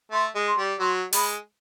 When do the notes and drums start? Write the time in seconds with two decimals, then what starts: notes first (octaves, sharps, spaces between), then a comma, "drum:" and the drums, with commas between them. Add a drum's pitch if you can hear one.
0.12 A3 C6
0.35 G#3
0.46 C6
0.57 G3
0.79 F#3 C6
1.13 G#3 B5, drum: open hi-hat